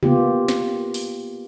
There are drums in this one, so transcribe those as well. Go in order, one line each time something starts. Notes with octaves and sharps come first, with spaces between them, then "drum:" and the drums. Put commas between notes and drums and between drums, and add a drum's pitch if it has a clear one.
A#3 B3 F4 G4, drum: tom C3
drum: snare
drum: open hi-hat